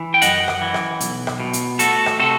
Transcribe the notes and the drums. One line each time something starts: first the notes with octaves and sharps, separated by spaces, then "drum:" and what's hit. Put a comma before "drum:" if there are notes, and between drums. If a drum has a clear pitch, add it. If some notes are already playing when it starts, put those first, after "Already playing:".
Already playing: E3
G5
F#2 D#5 F#5, drum: hi-hat
drum: rim click
E3
drum: rim click
B1, drum: hi-hat
drum: rim click
B2
drum: hi-hat
A3 F#4 A4, drum: hi-hat
drum: rim click
C3 F#4 A4